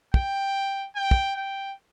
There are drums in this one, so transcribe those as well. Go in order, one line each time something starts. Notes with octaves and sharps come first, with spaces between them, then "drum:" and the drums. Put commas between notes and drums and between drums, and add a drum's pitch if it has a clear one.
G5, drum: kick
G5
drum: kick
G5